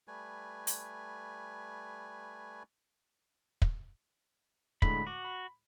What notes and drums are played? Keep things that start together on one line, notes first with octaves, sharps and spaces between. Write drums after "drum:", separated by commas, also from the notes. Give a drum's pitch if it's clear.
G3 A3 B4 G#5
drum: hi-hat
drum: kick
A2 D3 G#3 B5, drum: kick
F#4 D6
B5